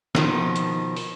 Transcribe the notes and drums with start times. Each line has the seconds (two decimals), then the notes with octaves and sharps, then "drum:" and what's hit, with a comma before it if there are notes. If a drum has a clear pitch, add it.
0.15 B2 D#3 F3, drum: snare
0.56 drum: hi-hat
0.96 drum: open hi-hat